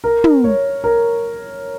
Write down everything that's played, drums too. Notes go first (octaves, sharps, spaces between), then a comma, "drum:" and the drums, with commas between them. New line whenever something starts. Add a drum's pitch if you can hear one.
A#4
drum: tom
C#5
A#4